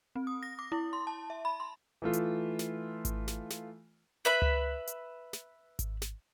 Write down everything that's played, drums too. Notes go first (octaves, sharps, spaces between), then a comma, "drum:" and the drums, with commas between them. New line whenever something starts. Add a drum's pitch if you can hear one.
C4
D#6
A#6
D6
E4
C6
A5
E5
B5
C6
E3 A3 F4
drum: hi-hat
drum: snare
drum: kick G#1, hi-hat
drum: snare
drum: snare
B4 E5 B5
drum: tom C#2
drum: hi-hat
drum: snare
drum: kick G#1, hi-hat
drum: snare